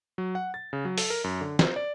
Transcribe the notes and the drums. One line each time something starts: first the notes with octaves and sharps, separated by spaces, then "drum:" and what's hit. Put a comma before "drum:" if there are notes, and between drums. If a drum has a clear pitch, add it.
F#3
F#5
A6
C#3
F#3
A4, drum: open hi-hat
A#4
F#2
D3
C5, drum: snare
D5